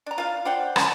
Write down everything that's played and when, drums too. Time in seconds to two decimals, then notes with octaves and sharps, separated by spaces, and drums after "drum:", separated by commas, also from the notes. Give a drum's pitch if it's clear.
0.06 D4 A#5
0.18 F4 F5
0.45 D4 C5 F#5 G5
0.76 C#4 E5 A5, drum: rim click